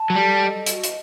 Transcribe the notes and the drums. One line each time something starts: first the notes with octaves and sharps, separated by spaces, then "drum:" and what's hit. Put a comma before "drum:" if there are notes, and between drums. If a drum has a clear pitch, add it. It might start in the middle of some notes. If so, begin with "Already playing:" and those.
Already playing: A5
F#3
G3 A4
D#5
F#4, drum: hi-hat
drum: hi-hat